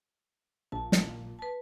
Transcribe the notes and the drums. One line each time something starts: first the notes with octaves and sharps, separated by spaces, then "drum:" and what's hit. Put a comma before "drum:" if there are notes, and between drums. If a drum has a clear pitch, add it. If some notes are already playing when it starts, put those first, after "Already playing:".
A#1 A#2 A5
drum: snare
B4 A5